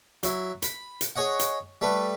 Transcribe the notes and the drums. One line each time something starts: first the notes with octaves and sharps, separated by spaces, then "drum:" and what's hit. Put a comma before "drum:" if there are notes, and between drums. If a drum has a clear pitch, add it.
F#3 E4, drum: hi-hat
B5, drum: hi-hat
drum: hi-hat
G#4 C#5 D#5 F#5
drum: hi-hat
G3 A3 B4